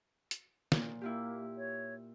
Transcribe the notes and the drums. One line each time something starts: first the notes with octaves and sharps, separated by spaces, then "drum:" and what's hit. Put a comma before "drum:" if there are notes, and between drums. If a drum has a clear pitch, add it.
drum: hi-hat
A#2, drum: snare
A#3 E4 F4 G4
C#5